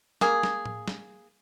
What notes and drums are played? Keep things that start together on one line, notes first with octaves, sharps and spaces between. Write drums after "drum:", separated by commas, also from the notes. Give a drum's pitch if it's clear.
A#3 G#4, drum: snare
drum: snare
drum: tom A2
drum: snare